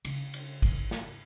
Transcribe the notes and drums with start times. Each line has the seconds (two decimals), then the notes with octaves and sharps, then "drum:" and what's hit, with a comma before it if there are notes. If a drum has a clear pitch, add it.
0.05 C#3, drum: cymbal
0.34 drum: cymbal
0.62 drum: kick, cymbal
0.91 drum: snare